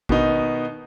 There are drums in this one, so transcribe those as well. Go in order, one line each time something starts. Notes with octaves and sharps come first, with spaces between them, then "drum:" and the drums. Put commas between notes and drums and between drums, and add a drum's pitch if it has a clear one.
B2 D#3 B3 D#4, drum: kick